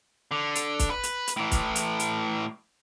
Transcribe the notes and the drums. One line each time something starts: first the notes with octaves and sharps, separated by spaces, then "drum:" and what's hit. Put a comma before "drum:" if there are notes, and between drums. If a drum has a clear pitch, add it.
D3
drum: hi-hat
drum: kick, hi-hat
B4
drum: hi-hat
drum: hi-hat
A2 E3
drum: kick, hi-hat
drum: hi-hat
drum: hi-hat